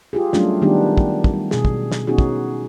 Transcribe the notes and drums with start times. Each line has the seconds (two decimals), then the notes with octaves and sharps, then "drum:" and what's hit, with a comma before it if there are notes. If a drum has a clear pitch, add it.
0.13 F4 G4 G#4
0.33 F#3 G3 A3 C#4 D4 F4, drum: snare
0.62 D#3 G3 B3 D4 D#4 G4
0.97 drum: kick
1.24 drum: kick
1.34 G3
1.51 B2 G#4, drum: snare
1.65 drum: kick
1.92 drum: snare
2.07 B3 C#4 D#4 F#4 G#4
2.18 drum: kick